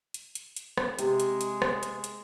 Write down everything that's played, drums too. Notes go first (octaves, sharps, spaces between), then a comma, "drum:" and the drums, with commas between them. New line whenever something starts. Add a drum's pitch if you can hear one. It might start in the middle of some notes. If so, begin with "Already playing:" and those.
drum: hi-hat
drum: hi-hat
drum: hi-hat
drum: rim click
C3 G#3, drum: hi-hat
drum: hi-hat
drum: hi-hat
drum: rim click
drum: hi-hat
drum: hi-hat